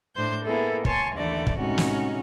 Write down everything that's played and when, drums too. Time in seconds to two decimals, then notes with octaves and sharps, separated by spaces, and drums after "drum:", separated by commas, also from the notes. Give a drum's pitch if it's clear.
0.15 A2 D4 C5 G6
0.45 A#3 B3 E4 G#4 A4
0.85 C#5 G#5 A5 C6 C#6, drum: kick
1.16 D#2 D3 E3 A3 D5
1.47 drum: kick
1.58 A2 C3 G#3 C#4 D#4 F#4
1.78 drum: snare